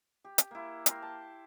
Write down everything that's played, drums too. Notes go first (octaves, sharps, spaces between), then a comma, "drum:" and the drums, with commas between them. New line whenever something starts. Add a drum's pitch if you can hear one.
G4
drum: hi-hat
A#3 E4
A#4 G5 C6, drum: hi-hat
A5